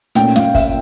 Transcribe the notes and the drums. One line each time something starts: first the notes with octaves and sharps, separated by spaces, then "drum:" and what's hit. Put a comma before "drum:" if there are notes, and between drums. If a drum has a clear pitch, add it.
A#2 A3 C#4 G5, drum: hi-hat
F5, drum: snare
E5, drum: kick, open hi-hat